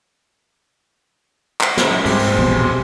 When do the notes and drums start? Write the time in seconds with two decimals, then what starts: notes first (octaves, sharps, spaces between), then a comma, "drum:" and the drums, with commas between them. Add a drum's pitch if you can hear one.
1.61 drum: clap
1.77 F#2 G#3 E4, drum: snare
2.05 G#2 G3 C4 G4 G#4, drum: open hi-hat
2.20 drum: open hi-hat
2.38 A#1 E2 B2